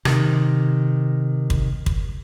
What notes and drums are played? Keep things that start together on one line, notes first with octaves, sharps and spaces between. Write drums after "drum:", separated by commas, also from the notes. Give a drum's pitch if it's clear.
C3 D#3, drum: rim click
drum: kick
drum: kick